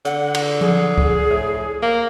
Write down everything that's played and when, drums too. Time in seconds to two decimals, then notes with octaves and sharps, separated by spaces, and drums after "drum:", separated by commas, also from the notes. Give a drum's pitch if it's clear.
0.05 D3 F#5, drum: hi-hat
0.35 drum: cymbal
0.61 G#4, drum: tom F3
0.98 drum: kick C#2
1.30 A2
1.82 A#3